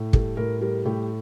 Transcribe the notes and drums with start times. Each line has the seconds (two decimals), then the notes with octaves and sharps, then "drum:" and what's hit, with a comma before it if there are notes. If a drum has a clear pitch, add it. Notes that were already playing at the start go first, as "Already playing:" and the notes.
Already playing: A2
0.13 G3 A4, drum: kick
0.37 A2 A#4
0.61 G3 A#4
0.85 A2 G4